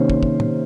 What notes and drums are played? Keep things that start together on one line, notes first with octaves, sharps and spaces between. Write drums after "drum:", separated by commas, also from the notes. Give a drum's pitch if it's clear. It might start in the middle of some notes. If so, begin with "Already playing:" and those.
Already playing: C3 D#3 A#3 C#4 C5
drum: kick
drum: kick
drum: tom